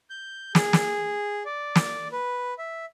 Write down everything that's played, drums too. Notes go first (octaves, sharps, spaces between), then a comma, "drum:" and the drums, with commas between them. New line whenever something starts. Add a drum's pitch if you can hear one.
G6
G#4, drum: snare
drum: snare
D5
drum: snare
B4
E5